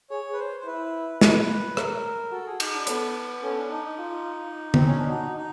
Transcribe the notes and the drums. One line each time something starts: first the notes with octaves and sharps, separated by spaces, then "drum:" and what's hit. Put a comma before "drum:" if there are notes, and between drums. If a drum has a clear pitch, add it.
G#4 C#5
B4
C5
C5
E4 B4
B4, drum: snare
A#4, drum: rim click
F#4 A4
G#4
D#4, drum: cymbal
D4
B3 A4, drum: hi-hat
C#4 A4
D4
D#4
D#4
F4
C4, drum: tom D3
C#4
D4
D#4 F#4
D#4